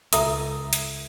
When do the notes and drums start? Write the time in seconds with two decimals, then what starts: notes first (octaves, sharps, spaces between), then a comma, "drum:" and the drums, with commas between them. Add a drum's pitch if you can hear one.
0.13 C#2 A4 E5 A#5 D#6, drum: hi-hat
0.73 drum: hi-hat